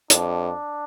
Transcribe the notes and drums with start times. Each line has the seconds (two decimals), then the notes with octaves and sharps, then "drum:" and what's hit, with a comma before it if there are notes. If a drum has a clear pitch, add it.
0.10 F2 D4, drum: hi-hat